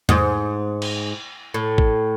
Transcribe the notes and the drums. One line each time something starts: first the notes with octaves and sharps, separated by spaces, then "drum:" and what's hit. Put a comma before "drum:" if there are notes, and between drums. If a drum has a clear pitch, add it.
G#2, drum: tom E2
drum: cymbal
A2
drum: kick A1